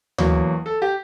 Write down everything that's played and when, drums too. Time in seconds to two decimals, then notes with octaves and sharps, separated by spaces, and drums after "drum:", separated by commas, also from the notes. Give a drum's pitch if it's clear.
0.18 E2 B2 F#3 A#3, drum: tom D2
0.66 A4
0.82 G4